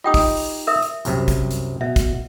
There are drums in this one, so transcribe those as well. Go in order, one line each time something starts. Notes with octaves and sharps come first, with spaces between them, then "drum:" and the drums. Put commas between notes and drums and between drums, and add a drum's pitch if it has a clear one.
D#4 F4 G4 D#5 G5 D#6
drum: kick, open hi-hat
drum: open hi-hat
A#4 E5 D#6
drum: hi-hat
C2 F#2 C3, drum: hi-hat
drum: kick, hi-hat
drum: hi-hat
B2 E5
drum: kick, hi-hat